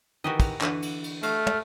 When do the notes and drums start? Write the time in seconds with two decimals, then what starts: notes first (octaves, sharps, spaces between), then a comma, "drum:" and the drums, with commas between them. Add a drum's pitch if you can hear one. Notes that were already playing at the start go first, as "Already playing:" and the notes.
0.24 D#3 E3 F#4 G4 D#5
0.40 drum: kick, cymbal
0.61 D3 E3 F#4 B4, drum: clap
0.82 drum: cymbal
1.04 drum: cymbal
1.23 A3 F#4 F5 F6, drum: cymbal
1.47 drum: tom